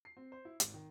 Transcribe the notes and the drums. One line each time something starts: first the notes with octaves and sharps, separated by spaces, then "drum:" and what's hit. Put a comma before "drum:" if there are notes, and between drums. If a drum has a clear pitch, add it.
C7
C4
C5
E4
G#1, drum: hi-hat
D#3